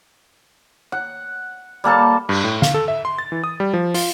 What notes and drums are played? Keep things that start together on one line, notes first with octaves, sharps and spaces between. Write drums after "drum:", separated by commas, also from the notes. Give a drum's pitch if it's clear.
F#5
G3 A#3 A4 A5
G2, drum: cymbal
A2
F5, drum: snare
A4
E5
C6
A6
E3
D#6
G3
F3
F4, drum: open hi-hat